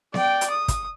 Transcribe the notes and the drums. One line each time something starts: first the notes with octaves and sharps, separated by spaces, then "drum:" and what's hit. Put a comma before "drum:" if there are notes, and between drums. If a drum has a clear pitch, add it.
D5 G5, drum: snare B3
drum: hi-hat
D#6
drum: kick, hi-hat